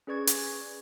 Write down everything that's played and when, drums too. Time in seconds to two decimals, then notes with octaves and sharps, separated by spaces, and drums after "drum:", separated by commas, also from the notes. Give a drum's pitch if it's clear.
0.07 C#4 G#4 B4 D5 C#6 G#6
0.27 drum: hi-hat